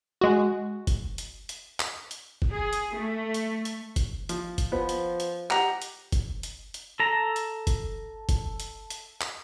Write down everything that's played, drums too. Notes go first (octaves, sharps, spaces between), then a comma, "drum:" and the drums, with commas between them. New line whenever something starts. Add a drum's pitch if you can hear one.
G#3 F#4
drum: kick F#1, hi-hat
drum: hi-hat
drum: hi-hat
drum: clap
drum: hi-hat
drum: kick F#1
G#4
drum: hi-hat
A3
drum: hi-hat
drum: hi-hat
drum: kick F#1, hi-hat
F3, drum: hi-hat
drum: kick F#1, hi-hat
F3 B3
drum: hi-hat
drum: hi-hat
G4 F#5 A#5, drum: clap
drum: hi-hat
drum: kick F#1, hi-hat
drum: hi-hat
drum: hi-hat
A4 A#5
drum: hi-hat
drum: kick F#1, hi-hat
drum: kick F#1, hi-hat
drum: hi-hat
drum: hi-hat
drum: clap